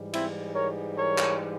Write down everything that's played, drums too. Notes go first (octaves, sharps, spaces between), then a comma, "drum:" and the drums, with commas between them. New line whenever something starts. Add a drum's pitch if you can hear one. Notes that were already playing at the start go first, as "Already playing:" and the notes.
Already playing: G#2 E3 G3
C4 E4, drum: cymbal
A#4 C#5
A#4 C#5
drum: clap